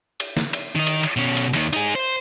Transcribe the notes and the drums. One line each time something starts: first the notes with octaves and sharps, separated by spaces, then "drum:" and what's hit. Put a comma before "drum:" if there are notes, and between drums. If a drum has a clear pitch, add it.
drum: cymbal
drum: snare
drum: cymbal
D#3 D#4
drum: cymbal
drum: cymbal
B2 C#4
drum: cymbal
D#2 D#3, drum: cymbal
D#4 G#4, drum: cymbal
C5